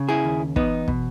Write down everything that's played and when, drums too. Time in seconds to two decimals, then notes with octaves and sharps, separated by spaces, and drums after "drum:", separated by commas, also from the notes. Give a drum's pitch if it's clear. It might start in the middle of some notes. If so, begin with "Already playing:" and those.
Already playing: C#3
0.09 E4 G#4
0.24 D#2
0.56 E2 B3 D#4, drum: kick
0.88 B2, drum: kick